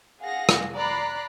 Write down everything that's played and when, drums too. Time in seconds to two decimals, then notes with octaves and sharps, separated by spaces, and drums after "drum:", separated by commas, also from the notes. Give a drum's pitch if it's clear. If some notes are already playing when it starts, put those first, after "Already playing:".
0.21 G#4 F5 F#5 A#6
0.49 drum: rim click
0.75 D5 A#5 B5 F#6 C7